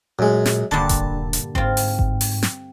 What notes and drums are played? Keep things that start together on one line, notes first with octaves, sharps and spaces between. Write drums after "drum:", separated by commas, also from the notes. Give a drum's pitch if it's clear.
F#2 A#2 G#3
drum: snare
D#1 G2 A#2 D3 A5
drum: kick G1, hi-hat
drum: hi-hat
G#2 C4 F4, drum: kick G1
drum: open hi-hat
drum: kick G1
drum: open hi-hat
drum: snare